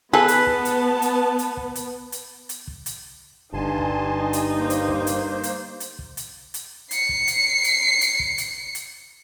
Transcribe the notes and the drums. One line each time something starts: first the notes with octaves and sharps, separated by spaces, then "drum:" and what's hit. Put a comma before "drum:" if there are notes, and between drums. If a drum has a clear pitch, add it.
B3 G#4 A4 B4 A5
drum: hi-hat
drum: kick
drum: hi-hat
drum: hi-hat
drum: hi-hat
drum: kick
drum: hi-hat
drum: hi-hat
drum: hi-hat
drum: kick
drum: hi-hat
G1 G2 D3 D#4 G#5 A5 C6
drum: kick
drum: hi-hat
A#3 C5
drum: hi-hat
drum: kick
drum: hi-hat
drum: hi-hat
drum: hi-hat
drum: kick
drum: hi-hat
drum: hi-hat
C7 C#7, drum: hi-hat
drum: kick
drum: hi-hat
drum: hi-hat
drum: hi-hat
drum: kick
drum: hi-hat
drum: hi-hat